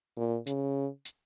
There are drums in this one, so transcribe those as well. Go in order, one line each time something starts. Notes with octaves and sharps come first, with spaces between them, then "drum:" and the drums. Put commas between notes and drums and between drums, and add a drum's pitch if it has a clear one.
A#2
C#3, drum: hi-hat
drum: hi-hat